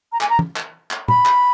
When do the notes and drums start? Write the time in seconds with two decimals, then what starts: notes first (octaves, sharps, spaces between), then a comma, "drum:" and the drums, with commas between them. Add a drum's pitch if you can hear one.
0.12 A#5
0.21 G#5, drum: clap
0.30 A#5
0.39 drum: tom
0.56 drum: clap
0.91 drum: clap
1.08 B5, drum: tom
1.26 drum: clap